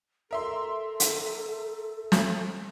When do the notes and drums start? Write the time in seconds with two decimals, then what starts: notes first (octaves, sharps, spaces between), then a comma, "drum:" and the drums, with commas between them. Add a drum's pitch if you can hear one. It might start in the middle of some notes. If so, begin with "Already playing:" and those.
0.31 A4 A#4 E5 C6
1.00 drum: hi-hat
2.12 drum: snare